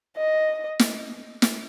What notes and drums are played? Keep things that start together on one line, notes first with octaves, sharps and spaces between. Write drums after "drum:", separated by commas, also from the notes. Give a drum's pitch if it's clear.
D#5
drum: snare
drum: snare